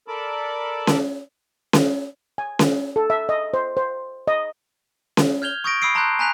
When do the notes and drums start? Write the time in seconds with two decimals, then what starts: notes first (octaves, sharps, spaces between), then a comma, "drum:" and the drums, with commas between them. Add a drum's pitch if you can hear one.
0.08 A4 A#4 D5 A5 B5 D6
0.87 drum: snare C#4
1.73 drum: snare C#4
2.38 G#5
2.59 drum: snare C#4
2.96 A4
3.10 E5
3.29 D#5
3.54 C5
3.77 C5
4.28 D#5
5.17 drum: snare C#4
5.42 F6 G6 G#6 F7 G7
5.64 C#6 D#6 G6 G#6 A#6 D7
5.82 B5 D#6 E6 C7 D7
5.95 A5 A#5 C6 E6 F#6 G6
6.19 G#5 A#5 F#6 B6 F7